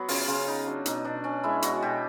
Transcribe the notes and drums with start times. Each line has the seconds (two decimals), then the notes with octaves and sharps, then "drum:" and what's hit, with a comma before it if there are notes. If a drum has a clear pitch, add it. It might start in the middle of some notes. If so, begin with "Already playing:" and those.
Already playing: F#3 B3
0.08 C#3 F4, drum: open hi-hat
0.28 C#3 F4
0.47 B3 D#4
0.67 F#3 D4
0.86 B2 D#4, drum: hi-hat
1.04 B2 D4
1.24 C#4 D4
1.44 G#3 E4
1.62 B2 F#4, drum: hi-hat
1.82 B2 G4